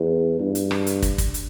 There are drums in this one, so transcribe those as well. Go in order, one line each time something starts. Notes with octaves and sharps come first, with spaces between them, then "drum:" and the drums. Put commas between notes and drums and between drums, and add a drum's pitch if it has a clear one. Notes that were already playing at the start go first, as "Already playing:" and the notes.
Already playing: E2
G2
drum: hi-hat
drum: rim click
drum: hi-hat
drum: kick, hi-hat
drum: kick, hi-hat
drum: hi-hat